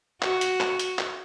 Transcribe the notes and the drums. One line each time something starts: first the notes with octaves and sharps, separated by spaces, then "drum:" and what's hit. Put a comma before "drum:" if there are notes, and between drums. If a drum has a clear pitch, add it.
F#4, drum: clap
drum: hi-hat
drum: clap
drum: hi-hat
drum: clap